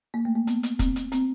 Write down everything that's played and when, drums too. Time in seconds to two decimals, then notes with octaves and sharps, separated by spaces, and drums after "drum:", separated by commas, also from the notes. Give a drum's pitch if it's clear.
0.14 A#3
0.25 A3
0.36 A#3
0.47 B3, drum: hi-hat
0.63 drum: hi-hat
0.79 C4, drum: kick, hi-hat
0.96 drum: hi-hat
1.12 C4, drum: hi-hat